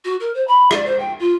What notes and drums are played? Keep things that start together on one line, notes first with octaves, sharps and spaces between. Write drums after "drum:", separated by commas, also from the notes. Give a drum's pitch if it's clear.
F#4
A#4
C5
B5
D5, drum: rim click
C5
G5
F4